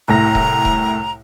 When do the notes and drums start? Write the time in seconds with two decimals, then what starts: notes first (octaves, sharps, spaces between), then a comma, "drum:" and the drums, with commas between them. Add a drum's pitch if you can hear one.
0.08 C2 A2 A#5 A#6
0.35 drum: kick D#1
0.65 drum: kick D#1